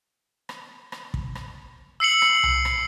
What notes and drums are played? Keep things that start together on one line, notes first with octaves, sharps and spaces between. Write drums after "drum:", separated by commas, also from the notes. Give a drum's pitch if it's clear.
drum: rim click
drum: rim click
drum: kick
drum: rim click
E6 C7 C#7 F#7
drum: rim click
drum: tom C2
drum: rim click